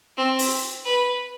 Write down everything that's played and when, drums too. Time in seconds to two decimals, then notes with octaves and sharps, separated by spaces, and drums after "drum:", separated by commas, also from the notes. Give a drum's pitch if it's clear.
0.17 C4
0.39 drum: open hi-hat
0.85 B4